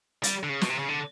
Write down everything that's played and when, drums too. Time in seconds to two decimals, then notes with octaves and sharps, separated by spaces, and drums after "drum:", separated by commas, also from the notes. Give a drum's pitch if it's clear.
0.23 G3, drum: hi-hat
0.43 D3
0.49 C#3
0.61 B2, drum: snare
0.70 C3
0.79 C#3
0.89 D3